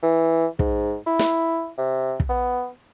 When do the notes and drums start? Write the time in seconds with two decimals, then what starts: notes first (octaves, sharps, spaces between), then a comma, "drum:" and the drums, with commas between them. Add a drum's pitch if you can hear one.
0.03 E3
0.59 G#2, drum: kick
1.07 E4
1.19 drum: snare
1.78 C3
2.20 drum: kick
2.29 B3